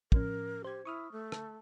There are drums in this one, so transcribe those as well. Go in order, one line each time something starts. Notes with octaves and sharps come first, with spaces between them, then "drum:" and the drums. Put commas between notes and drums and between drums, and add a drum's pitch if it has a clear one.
A2 F3 C#4 A#4, drum: kick
G4 C5 G#6
E4 C#6 D#6 F6
A3
A5, drum: rim click